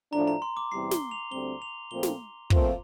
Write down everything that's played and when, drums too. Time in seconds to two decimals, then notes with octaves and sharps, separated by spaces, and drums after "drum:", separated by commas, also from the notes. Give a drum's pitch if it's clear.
0.12 A2 F3 A3 D4 A#5
0.28 A#5
0.42 C6
0.57 D6
0.72 E2 C3 E3 G3 C4 C7
0.91 G7, drum: snare
1.11 F7
1.32 D2 D3 G3 C4 G7
1.62 F7
1.91 A#2 F3 A3 C4 G7
2.03 drum: snare
2.50 A#2 F3 A3 C4 F4, drum: kick